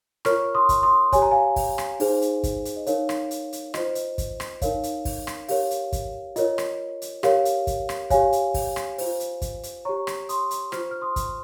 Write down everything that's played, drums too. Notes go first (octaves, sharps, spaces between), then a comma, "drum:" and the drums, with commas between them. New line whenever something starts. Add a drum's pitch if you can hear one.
F4 A#4 C#5 C#6 F6, drum: rim click
C6 D#6
drum: kick, hi-hat
C6 D#6
G4 C#5 G#5, drum: kick, hi-hat
A#5
F5 G#5
drum: kick, open hi-hat
drum: rim click
D#4 G#4 C5, drum: open hi-hat
drum: hi-hat
drum: kick, hi-hat
drum: hi-hat
D#5
D#4 A#4 C#5 F5, drum: hi-hat
drum: rim click
drum: hi-hat
drum: hi-hat
F4 C5 D#5, drum: rim click
D#5, drum: hi-hat
drum: kick, hi-hat
drum: rim click
D#4 A#4 C#5 F5, drum: kick, hi-hat
drum: hi-hat
drum: kick, open hi-hat
drum: rim click
G4 A#4 C#5 F5, drum: open hi-hat
drum: hi-hat
drum: kick, hi-hat
F4 A#4 C#5 D#5, drum: hi-hat
drum: rim click
drum: hi-hat
G4 A#4 C#5 F5, drum: rim click
drum: hi-hat
drum: kick, hi-hat
drum: rim click
G4 C#5 F5 G#5, drum: kick, hi-hat
drum: hi-hat
drum: kick, open hi-hat
drum: rim click
F4 C5, drum: open hi-hat
drum: hi-hat
drum: kick, hi-hat
drum: hi-hat
G4 C#5 A#5 C#6
drum: rim click
C6 D#6, drum: hi-hat
drum: hi-hat
F4 C5 C#6 F6, drum: rim click
F6
C6 D#6
drum: kick, hi-hat